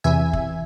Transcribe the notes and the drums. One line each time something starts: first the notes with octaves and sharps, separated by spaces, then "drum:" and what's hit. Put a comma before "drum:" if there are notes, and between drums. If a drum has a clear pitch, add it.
E2 C3 E3 E5 G#5
drum: kick